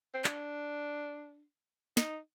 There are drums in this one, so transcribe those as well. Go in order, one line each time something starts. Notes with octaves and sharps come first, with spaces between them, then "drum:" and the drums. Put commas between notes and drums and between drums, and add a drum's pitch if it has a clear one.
C4
D4, drum: clap
D#4, drum: snare